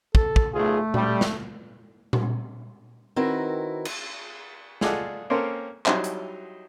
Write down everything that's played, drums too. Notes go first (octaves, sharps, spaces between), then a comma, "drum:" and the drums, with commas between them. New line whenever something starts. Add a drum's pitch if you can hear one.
A4, drum: kick
drum: kick
B1 A3 F4 G#4
G3, drum: tom A#2
drum: snare
drum: tom A#2
D#3 C4 E4 F#4 A#4 B4
drum: cymbal
F4 G#4 A4 D5 D#5 F#5, drum: snare
A#3 C4 C#4 A4 A#4 C5
F#3 G3 D#4 E4 C5, drum: clap
drum: hi-hat